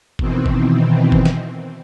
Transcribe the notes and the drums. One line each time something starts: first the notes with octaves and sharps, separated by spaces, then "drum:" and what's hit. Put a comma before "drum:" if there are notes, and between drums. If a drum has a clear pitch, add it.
B2 D#3 E3 C4, drum: kick
drum: kick
drum: kick
drum: snare